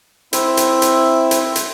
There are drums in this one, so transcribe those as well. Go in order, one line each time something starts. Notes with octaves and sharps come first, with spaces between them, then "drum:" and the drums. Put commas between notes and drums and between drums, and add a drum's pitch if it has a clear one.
C4 E4 E5, drum: hi-hat
drum: hi-hat
drum: hi-hat
drum: hi-hat
drum: hi-hat